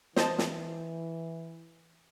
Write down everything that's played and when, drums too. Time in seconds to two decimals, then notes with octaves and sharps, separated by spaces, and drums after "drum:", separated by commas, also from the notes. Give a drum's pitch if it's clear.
0.16 E3 C5 D#5 A5, drum: snare
0.38 drum: snare